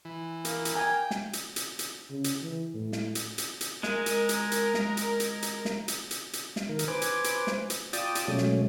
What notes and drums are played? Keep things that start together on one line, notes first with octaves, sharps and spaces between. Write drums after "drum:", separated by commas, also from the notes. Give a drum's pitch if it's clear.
E3
A#3, drum: hi-hat
drum: hi-hat
G5 G#5 A#5
drum: snare
drum: hi-hat
drum: hi-hat
drum: hi-hat
C#3
drum: hi-hat
E3
A2
drum: snare
drum: hi-hat
drum: hi-hat
drum: hi-hat
G#3 A#4, drum: snare
drum: hi-hat
drum: hi-hat
drum: hi-hat
drum: snare
drum: hi-hat
drum: hi-hat
drum: hi-hat
drum: snare
drum: hi-hat
drum: hi-hat
drum: hi-hat
drum: snare
D#3 A#4
drum: hi-hat
B4 C5 G#5 D6
drum: hi-hat
drum: hi-hat
drum: snare
drum: hi-hat
F4 D5 G5 A5 D#6, drum: hi-hat
drum: hi-hat
B2 F#3 G#3 A3 C#4
drum: snare